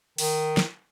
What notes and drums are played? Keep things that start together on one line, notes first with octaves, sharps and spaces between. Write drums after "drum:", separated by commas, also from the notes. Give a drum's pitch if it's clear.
D#3, drum: open hi-hat
drum: snare